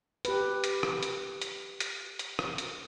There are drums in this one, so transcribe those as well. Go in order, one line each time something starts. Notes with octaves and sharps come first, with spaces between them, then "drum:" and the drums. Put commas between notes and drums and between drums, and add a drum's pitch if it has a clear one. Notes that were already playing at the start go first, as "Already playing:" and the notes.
G4 B4, drum: hi-hat
drum: hi-hat
drum: rim click
drum: hi-hat
drum: hi-hat
drum: hi-hat
drum: hi-hat
drum: rim click
drum: hi-hat